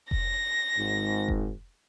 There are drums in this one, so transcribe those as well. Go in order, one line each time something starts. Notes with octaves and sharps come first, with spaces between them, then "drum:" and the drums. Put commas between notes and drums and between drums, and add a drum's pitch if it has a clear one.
A#6, drum: kick F1
G#1 G#2
drum: kick F1